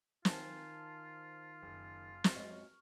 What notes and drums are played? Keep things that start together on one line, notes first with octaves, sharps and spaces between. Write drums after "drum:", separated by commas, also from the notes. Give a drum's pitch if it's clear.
D#3 F4 C5 G#5 A5, drum: snare
F#1
drum: snare
F#2 G#3 D#5 C#6 F6